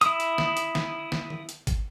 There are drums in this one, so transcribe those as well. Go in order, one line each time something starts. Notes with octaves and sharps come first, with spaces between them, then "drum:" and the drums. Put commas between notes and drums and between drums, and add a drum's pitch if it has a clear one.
E4 D#6, drum: hi-hat
drum: hi-hat
drum: snare
drum: hi-hat
drum: snare
drum: snare
drum: tom D3
drum: hi-hat
drum: kick G#1, hi-hat